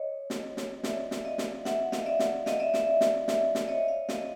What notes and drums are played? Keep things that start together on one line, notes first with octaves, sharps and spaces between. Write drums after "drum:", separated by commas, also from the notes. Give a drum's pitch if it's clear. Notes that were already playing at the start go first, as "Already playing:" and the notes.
Already playing: C#5 D#5
drum: snare
drum: snare
D5 E5, drum: snare
drum: snare
D#5 F5
drum: snare
E5 F#5, drum: snare
D#5 F5, drum: snare
D5 E5
drum: snare
D#5 F5, drum: snare
D5 E5
D5 E5, drum: snare
drum: snare
drum: snare
drum: snare
C#5 D#5
D#5 F5
D#5 F5, drum: snare